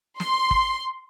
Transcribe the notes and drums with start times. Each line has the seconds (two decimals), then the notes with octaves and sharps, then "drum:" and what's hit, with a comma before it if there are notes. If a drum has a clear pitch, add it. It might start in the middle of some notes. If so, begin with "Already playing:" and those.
0.20 C6, drum: snare
0.51 drum: kick